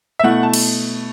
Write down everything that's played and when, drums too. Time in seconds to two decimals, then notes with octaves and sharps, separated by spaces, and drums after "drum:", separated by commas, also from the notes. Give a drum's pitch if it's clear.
0.19 E5
0.24 B2 A3 E4 F#5
0.43 A5
0.53 drum: cymbal